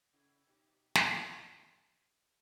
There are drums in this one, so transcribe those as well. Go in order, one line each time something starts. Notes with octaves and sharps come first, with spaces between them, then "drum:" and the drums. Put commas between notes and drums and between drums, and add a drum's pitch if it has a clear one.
C#3 E4
B2 D#4 G4
drum: snare